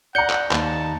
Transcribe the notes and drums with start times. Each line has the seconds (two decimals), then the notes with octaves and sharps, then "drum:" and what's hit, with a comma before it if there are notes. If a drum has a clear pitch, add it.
0.15 D5 F#5 A#5 G6 C#7
0.29 drum: clap
0.51 D#2 A5, drum: clap